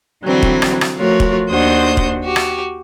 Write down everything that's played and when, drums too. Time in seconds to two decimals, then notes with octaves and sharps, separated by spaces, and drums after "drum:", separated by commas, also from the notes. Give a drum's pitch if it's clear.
0.23 D3 E3 F#3 G3 C4
0.43 drum: kick
0.62 drum: rim click
0.81 drum: rim click
0.97 F3 A3 F4 F#4 A#4 C#5
1.20 drum: kick
1.50 D#2 D4 F#4 C5 D#6 G6
1.97 drum: kick
2.24 F#4 G4
2.36 drum: rim click